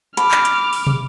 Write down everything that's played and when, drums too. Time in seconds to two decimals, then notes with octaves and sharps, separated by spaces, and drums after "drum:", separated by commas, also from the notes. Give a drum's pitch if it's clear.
0.17 B5 D6 F6, drum: hi-hat
0.31 drum: clap
0.45 drum: hi-hat
0.73 drum: open hi-hat
0.87 drum: tom